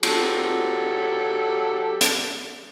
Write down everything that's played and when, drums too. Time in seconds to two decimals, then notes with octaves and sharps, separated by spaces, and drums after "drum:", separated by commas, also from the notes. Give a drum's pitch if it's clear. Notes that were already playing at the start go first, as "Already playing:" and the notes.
0.03 F#3 G4 A4, drum: cymbal
2.01 drum: hi-hat